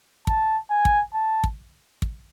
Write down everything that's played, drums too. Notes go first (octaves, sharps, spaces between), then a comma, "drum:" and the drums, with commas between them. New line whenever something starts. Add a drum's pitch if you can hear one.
A5, drum: kick
G#5
drum: kick
A5
drum: kick
drum: kick